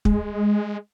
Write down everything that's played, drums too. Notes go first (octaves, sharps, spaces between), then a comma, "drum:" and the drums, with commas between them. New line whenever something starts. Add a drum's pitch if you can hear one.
G#3, drum: kick